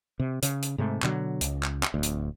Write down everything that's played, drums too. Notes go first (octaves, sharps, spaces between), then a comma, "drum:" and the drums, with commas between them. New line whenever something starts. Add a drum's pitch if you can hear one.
C3
C#3, drum: hi-hat
drum: hi-hat
G#2 C3 A3
B2 D3 E3 F#3, drum: clap
C#2, drum: hi-hat
drum: clap
drum: clap
D1 D2
drum: hi-hat